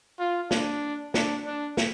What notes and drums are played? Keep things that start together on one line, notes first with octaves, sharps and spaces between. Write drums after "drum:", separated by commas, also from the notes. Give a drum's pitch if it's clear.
F4
D4, drum: snare
D4, drum: snare
D4
drum: snare